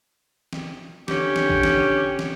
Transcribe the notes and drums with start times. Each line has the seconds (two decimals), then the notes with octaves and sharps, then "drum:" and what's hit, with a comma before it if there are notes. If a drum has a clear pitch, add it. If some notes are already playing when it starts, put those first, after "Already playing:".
0.53 drum: snare
1.08 D3 C#4 G4, drum: snare
1.36 drum: snare
1.50 drum: kick
1.63 drum: snare
2.19 drum: snare